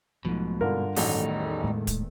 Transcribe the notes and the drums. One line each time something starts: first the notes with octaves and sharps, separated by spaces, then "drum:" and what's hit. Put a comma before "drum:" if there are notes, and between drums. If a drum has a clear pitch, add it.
B1 G#2 B2 F3 A3
G2 D3 F4 A#4
A1 E2 D#3 F#3 G3 A3 D#4, drum: open hi-hat
A2 G#3
drum: kick, hi-hat